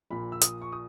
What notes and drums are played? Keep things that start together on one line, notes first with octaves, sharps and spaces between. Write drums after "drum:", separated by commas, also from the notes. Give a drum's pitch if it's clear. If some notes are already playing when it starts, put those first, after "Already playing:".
A#1 A#2 B5
E6
D#6, drum: hi-hat
C#6
D#6